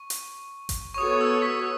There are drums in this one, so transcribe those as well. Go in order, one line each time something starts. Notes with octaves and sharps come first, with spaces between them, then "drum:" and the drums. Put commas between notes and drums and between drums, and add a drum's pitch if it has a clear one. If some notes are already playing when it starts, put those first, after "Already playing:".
Already playing: C#6
drum: hi-hat
drum: kick G#1, hi-hat
C#6
B3 F#4 A4 C#5 D#6
E6
B6